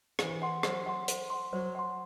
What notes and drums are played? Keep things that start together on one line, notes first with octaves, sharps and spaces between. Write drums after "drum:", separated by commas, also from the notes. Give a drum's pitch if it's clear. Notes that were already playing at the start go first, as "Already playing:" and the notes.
E3 C5, drum: rim click
F#5 C6
F#3 C5, drum: rim click
F#5 C6
C5, drum: hi-hat
F#5 C6
F#3 C5
F#5 C6